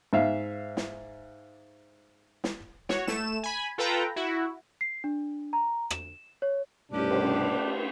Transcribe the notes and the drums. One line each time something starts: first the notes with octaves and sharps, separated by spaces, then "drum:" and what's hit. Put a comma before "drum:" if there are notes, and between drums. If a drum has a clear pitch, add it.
G#2 E5 F5
drum: snare
drum: snare
F#4 C#5, drum: snare
A3 E7, drum: snare
G#5 B5
F4 A4 B4 G5 A#5
E4 F#4
C7
D4
A#5
E7, drum: rim click
C#5
C2 G2 B2 A3 C#4 D4 G4
drum: cymbal